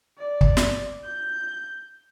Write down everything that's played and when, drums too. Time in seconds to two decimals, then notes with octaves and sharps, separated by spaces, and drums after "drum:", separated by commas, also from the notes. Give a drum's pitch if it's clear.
0.18 D5
0.41 drum: kick
0.57 drum: snare
1.04 G6